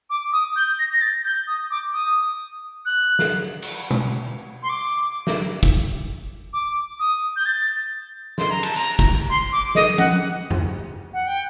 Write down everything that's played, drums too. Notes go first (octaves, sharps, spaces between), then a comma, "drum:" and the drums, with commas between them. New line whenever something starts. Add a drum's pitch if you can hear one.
D6
D#6
G6
A#6
A#6
A6
G6
D#6
D6
D#6
F#6
drum: snare
drum: cymbal
drum: tom
C6
D6
drum: snare
drum: kick
D6
D#6
G6
A6
C6, drum: snare
A#5
A5, drum: cymbal
A#5, drum: hi-hat
drum: kick
C6
D6
D#5, drum: snare
F#5, drum: tom F3
drum: tom F2
F#5
G5